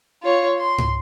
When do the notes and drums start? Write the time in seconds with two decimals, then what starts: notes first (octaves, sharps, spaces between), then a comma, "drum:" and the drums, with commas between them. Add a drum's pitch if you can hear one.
0.23 F4 C#5
0.59 C6
0.78 drum: tom G#2